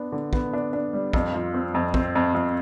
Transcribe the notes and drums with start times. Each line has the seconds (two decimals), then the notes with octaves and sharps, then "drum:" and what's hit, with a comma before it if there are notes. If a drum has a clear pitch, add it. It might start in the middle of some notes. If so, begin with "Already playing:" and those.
Already playing: B3 D4
0.12 D3
0.33 B3, drum: kick
0.53 D4
0.73 D4
0.93 G3
1.13 F2, drum: kick
1.33 F3
1.54 C4
1.74 F2
1.94 C4, drum: kick
2.15 F2
2.34 F2